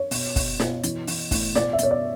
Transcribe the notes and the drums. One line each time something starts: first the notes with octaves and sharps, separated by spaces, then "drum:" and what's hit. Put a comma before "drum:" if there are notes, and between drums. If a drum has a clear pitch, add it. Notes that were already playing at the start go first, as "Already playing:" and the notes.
Already playing: C#5
B2, drum: open hi-hat
B2, drum: kick, open hi-hat
B2, drum: snare
E3, drum: hi-hat
E3, drum: open hi-hat
A2, drum: kick, open hi-hat
B2 D5, drum: snare
E5
B2 C#5, drum: hi-hat
D5